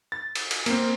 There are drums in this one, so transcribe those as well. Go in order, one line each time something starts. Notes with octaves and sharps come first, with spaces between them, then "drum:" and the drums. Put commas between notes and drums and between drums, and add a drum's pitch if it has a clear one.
A6
drum: cymbal
drum: cymbal
A#3 C4, drum: cymbal